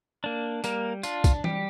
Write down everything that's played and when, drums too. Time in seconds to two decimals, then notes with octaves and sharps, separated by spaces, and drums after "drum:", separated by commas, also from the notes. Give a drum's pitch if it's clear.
0.24 A#3 D4
0.64 G3 A#3 A#4, drum: tambourine
1.03 D4 F4, drum: tambourine
1.24 drum: kick, tambourine
1.44 G3 G4, drum: tom E3